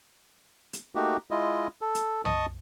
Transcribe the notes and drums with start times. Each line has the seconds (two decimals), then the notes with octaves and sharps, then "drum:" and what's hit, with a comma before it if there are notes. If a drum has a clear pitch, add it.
0.73 drum: hi-hat
0.95 A3 A#3 D#4 F#4 G4
1.31 G#3 E4 F4 D#5
1.81 A4
1.95 drum: hi-hat
2.25 D#5 A5 C#6 D#6, drum: tom